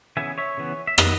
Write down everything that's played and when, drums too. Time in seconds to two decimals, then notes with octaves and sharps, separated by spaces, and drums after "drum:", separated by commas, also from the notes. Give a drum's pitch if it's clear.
0.17 C#3 E3 B3 E5 G#5
0.38 C#5 E5
0.57 C#3 E3 B3
0.87 E5
0.98 D#3 F#3 B3 B4 D#5, drum: rim click